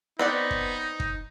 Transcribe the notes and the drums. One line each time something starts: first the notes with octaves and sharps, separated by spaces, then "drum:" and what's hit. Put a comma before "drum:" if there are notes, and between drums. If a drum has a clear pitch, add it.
B3 C4 D#4 D5 F#5
drum: kick
drum: kick